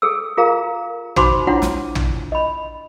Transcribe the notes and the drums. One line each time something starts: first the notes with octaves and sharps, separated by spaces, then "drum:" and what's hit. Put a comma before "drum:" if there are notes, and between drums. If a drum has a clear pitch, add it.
G#4 A4 E6
F4 G#4 A#4 F5 A#5
D#4 F#4 C5 B5 C6 D6, drum: tom
D4 E4 F4 C#5 F#5
drum: snare
drum: tom
D#5 B5